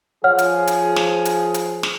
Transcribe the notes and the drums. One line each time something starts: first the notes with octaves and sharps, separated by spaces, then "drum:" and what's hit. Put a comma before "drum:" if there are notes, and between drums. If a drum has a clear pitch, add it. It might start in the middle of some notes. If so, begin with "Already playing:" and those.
F3 G#4 C#5 F#5 F6
drum: hi-hat
drum: hi-hat
drum: snare
drum: hi-hat
drum: hi-hat
drum: snare